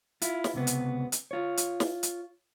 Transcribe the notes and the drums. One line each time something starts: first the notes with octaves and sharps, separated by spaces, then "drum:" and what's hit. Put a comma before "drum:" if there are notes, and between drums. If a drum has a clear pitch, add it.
E4 F4, drum: hi-hat
drum: snare
C#2 C3 B3
drum: hi-hat
drum: hi-hat
F4 C#5
drum: hi-hat
drum: snare
drum: hi-hat